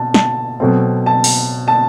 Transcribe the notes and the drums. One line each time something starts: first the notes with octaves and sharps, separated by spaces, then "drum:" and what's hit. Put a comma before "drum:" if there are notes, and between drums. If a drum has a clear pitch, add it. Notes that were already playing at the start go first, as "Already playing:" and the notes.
Already playing: B2 A5
A5, drum: snare
B2 F#3 A3 C4
A5
drum: open hi-hat
A5